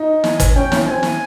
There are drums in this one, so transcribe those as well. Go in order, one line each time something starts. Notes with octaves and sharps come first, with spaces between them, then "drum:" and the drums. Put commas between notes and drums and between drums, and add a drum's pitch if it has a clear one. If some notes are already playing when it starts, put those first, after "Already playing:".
Already playing: D#4
G#5, drum: snare
drum: kick, hi-hat
C#4 G5
C#4, drum: snare
C4 G#5
drum: snare